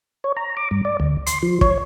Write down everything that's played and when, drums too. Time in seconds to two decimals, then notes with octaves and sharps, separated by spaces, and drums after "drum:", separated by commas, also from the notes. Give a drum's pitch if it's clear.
0.24 C#5
0.37 A#5
0.57 D6
0.71 G2
0.85 D5
1.00 D2
1.27 C6, drum: hi-hat
1.42 F3
1.61 C#5, drum: kick